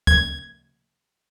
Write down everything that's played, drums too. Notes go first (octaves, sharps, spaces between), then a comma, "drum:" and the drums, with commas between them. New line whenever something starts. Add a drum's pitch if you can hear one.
G#6, drum: kick